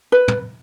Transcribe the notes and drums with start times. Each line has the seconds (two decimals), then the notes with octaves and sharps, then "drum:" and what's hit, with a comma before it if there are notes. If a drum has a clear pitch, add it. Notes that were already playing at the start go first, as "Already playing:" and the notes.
0.12 B4
0.28 drum: tom